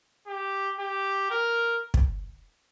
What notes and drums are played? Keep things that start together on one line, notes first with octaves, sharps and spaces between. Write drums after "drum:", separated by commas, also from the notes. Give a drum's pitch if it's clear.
G4
G4
A#4
drum: kick